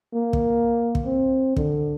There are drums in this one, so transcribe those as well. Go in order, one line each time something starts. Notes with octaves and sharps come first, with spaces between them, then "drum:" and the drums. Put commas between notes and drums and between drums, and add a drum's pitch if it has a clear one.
A#3
drum: kick
drum: kick
C4
D3, drum: kick